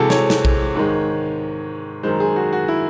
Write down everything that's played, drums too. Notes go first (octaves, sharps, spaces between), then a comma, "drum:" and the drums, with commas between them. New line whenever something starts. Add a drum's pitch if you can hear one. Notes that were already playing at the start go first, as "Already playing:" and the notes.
Already playing: C3 E3 G#3 F#4 G#4 A4
C#5, drum: snare
drum: snare
drum: kick A#1
G#2 D#3 G#3
F#2 D#3 G#3 C5
G#4
F#4
F#4
E4